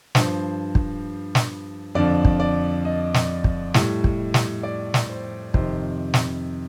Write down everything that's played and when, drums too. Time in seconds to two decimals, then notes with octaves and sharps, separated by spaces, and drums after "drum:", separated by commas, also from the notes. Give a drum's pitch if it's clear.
0.15 G2 F3 C5, drum: snare
0.75 drum: kick
1.35 drum: snare
1.95 F2 D3 F3 D5
2.25 drum: kick
2.40 D5
2.85 D#5
3.14 drum: snare
3.44 drum: kick
3.74 A2 G3, drum: snare
4.04 drum: kick
4.34 drum: snare
4.63 D5
4.94 drum: snare
5.09 C5
5.54 F2 C3 D#3 C5, drum: kick
6.14 drum: snare